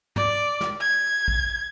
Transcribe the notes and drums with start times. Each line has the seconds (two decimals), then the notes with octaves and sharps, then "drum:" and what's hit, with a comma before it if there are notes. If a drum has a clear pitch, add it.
0.16 D5, drum: tom
0.61 drum: snare
0.80 G#6
1.28 drum: kick A#1